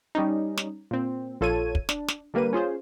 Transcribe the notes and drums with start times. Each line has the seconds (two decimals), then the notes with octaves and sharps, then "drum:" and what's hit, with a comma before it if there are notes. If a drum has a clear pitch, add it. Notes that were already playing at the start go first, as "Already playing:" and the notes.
0.15 G3 C#4 D#4
0.57 drum: snare
0.91 A#2 C4
1.41 A#1 F4 A4 C#5 G#6 D#7
1.75 drum: kick
1.89 D4, drum: snare
2.08 drum: snare
2.34 D3 G3 A#3 B4 D#7
2.53 C#4 F4 G#4 C5